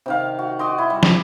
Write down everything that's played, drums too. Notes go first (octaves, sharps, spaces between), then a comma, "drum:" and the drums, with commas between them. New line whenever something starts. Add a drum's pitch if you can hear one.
C3 D#3 F5
F#4
F#4 D5 D#5 C6
E4
G3
drum: snare